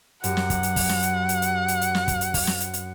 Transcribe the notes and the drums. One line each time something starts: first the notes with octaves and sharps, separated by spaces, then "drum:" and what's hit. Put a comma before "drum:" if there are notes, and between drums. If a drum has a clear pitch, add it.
F#2 G4 F#5, drum: hi-hat
drum: snare
drum: kick, hi-hat
drum: hi-hat
drum: kick, open hi-hat
drum: snare
drum: hi-hat
drum: hi-hat
drum: hi-hat
drum: hi-hat
drum: hi-hat
drum: snare
drum: kick, hi-hat
drum: hi-hat
drum: kick, open hi-hat
drum: snare
drum: hi-hat
drum: hi-hat